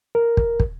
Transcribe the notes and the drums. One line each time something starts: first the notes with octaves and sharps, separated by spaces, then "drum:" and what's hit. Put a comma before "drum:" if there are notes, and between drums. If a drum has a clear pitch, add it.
A#4
drum: kick
drum: kick